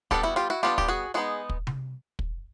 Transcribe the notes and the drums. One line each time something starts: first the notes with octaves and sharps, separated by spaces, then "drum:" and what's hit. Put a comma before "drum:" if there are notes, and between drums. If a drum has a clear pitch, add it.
G3 B3 D4 G4 A4, drum: kick
E4 F#4
F4 G4
E4 F#4
G3 B3 D4 F4 G4
G4, drum: kick
F#4 G#4
G#3 B3 D#4 F#4 G#4
drum: kick
drum: tom C3
drum: kick